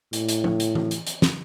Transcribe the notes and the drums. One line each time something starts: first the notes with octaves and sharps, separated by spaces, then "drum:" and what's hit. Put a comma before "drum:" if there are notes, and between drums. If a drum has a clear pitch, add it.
A2, drum: hi-hat
drum: hi-hat
drum: tom
drum: hi-hat
drum: tom E3
drum: hi-hat
drum: hi-hat
drum: snare